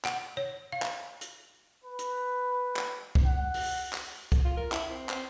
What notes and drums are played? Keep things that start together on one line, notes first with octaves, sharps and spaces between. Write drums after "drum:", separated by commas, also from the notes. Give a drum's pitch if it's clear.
F#5, drum: clap
C#5
F5
drum: clap
drum: hi-hat
B4
drum: hi-hat
drum: clap
drum: kick
F#5
drum: open hi-hat
drum: clap
drum: kick, hi-hat
F4
A#4
E4, drum: clap
C4
C4, drum: clap